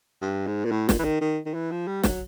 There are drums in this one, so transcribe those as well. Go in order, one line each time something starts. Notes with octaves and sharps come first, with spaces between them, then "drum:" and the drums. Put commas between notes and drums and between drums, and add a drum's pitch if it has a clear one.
G2
G#2
A#2
A2
A#2, drum: snare
E3
D#3
D#3
D#3
E3
F3
G3
F#3, drum: snare